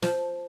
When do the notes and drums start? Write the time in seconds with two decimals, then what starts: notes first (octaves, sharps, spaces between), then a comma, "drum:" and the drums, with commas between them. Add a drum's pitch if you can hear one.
0.03 F3, drum: snare